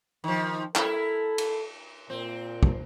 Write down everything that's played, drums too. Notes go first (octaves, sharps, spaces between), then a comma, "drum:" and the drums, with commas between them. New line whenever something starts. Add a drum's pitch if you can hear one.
D#3 F3
E4 A4 A#4, drum: clap
drum: cymbal
A#2 C4
drum: kick